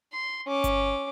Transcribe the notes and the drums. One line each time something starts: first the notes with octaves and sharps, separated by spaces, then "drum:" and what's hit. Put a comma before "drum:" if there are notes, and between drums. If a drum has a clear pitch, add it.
C6
C#4 D6
drum: kick G1, hi-hat